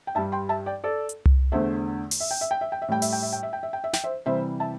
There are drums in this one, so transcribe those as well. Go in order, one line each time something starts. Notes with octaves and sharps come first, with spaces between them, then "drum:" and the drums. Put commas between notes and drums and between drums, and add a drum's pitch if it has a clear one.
G5
G2 G3 E5 A5
G5 C6
E5 A5
D5 G5
A4 D5
drum: hi-hat
drum: tom C2
E2 D3 A3 C5 E5
drum: open hi-hat
E5
G5
E5
G5
E5
G5
E5
A2 G3 G5
E5, drum: open hi-hat
G5
E5
G5
E5
G5
E5
G5
E5
G5, drum: snare
C5 E5
C3 E3 G3 C5 E5
E5 A5